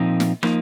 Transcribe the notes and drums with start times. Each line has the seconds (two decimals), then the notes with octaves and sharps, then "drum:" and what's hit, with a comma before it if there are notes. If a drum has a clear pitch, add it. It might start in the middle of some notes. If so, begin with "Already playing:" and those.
Already playing: A#2 F3 C4 D#4
0.20 drum: snare
0.43 F3 A#3 D#4, drum: rim click